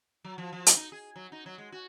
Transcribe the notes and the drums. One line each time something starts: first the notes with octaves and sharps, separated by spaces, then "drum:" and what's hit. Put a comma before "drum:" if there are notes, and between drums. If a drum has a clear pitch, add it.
F#3
F3
F3
drum: hi-hat
D#4
G#4
F#3
D#4
F#3
G#3
F#4